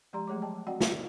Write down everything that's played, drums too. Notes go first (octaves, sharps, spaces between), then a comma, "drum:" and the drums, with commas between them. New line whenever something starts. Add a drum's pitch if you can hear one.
F3 G#3 G4 D5 A#5 C6
F#3 A3 G#4 C#5 D6
D#5 G5 A5
C4 F#4 D5 D#5 F#5 G5
F4 F5, drum: snare